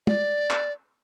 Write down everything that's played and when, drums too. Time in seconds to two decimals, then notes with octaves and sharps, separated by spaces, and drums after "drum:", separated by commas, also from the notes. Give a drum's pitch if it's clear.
0.07 D5, drum: tom
0.50 drum: clap